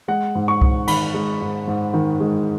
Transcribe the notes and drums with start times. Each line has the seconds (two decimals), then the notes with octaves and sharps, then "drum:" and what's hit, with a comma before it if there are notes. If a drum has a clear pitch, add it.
0.08 G#3 F#5
0.35 G#2
0.48 C#6
0.62 G#2, drum: kick C2
0.88 D#3 B5, drum: cymbal
1.14 G#3
1.41 G#2
1.67 G#2
1.94 D#3
2.20 G#3